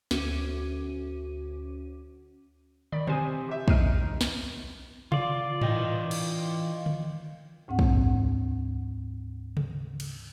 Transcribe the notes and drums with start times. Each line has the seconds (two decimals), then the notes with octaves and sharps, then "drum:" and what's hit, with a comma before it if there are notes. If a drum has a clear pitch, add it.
0.11 D2 C#4 F#4 D6 D#7, drum: snare
2.92 D#3 D5 B5
3.07 C3 C5 G#5 D#6, drum: tom
3.49 G4 E5
3.68 D#4 F6 C7 D7 D#7, drum: kick
4.21 drum: snare
5.12 F4 D5, drum: tom C3
5.61 E3 D#5 G5, drum: tom G#2
6.11 drum: cymbal
6.86 drum: tom
7.68 D2 G#2 C4 F#5
7.79 drum: kick
9.57 drum: tom C3
10.00 drum: cymbal